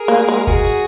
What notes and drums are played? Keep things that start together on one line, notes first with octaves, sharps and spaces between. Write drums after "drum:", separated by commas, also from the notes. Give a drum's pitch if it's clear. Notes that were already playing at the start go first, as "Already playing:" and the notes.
Already playing: G#4 A#4
A#3
G#3
F#4 G#4, drum: kick